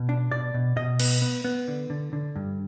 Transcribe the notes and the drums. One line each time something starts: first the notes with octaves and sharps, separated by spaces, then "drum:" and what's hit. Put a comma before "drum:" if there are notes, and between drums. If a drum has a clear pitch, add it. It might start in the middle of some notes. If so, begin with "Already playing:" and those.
Already playing: B2
D4
B2 D5
B2
B2 D#5
B3, drum: cymbal
B3
B3
D3
D3
D3
G2